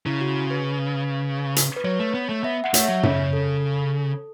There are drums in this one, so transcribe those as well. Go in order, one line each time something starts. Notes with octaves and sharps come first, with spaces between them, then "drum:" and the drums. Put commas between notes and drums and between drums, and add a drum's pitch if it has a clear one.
C#3 E4
F#4
B4
drum: hi-hat
B4
F#3 C#5
A3
B3
A3
B3 E5
F#5
A3 C#5, drum: hi-hat
F#3 E5
C#3 C#5, drum: tom F#2
A4